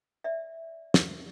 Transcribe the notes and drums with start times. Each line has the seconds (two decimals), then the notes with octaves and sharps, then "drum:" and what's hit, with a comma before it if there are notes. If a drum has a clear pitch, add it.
0.24 D5 E5
0.94 drum: snare